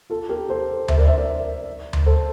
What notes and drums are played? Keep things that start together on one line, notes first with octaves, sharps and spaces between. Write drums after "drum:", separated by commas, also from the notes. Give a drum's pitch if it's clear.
F4 A4
G4 A#4
A4 C5
C5 E5, drum: tom D2
A#4 D5
C5 E5
A#4 D5
drum: tom D2
A4 C5